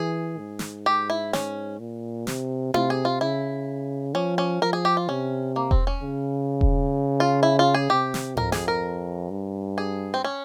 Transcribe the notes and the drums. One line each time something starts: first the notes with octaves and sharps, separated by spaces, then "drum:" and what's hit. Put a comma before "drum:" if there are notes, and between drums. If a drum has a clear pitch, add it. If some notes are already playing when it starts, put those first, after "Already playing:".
Already playing: E3 G#4
G#2
drum: snare
G4
E4
C#4, drum: snare
A#2
C3, drum: snare
C3 F4, drum: tom E4
G#4
F4
C#3 E4
F3 C#4
C#4
F3 A#4
G#4
G4
F4
C3 C#4
A#3
C4, drum: kick E1
C#4
C#3
drum: kick E1
F4
E4
F4
G#4
C3 G4
drum: snare
F2 A#4, drum: tom G#2
G#4, drum: snare
A#4
G2
G#4
C4
C#4